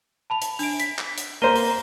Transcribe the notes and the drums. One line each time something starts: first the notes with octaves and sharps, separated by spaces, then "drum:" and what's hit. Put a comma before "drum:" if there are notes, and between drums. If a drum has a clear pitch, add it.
A5 B5 F7
drum: hi-hat
D4 D7, drum: open hi-hat
B6, drum: hi-hat
drum: clap
drum: hi-hat
A#3 C5 A#5 D#7 G7
drum: open hi-hat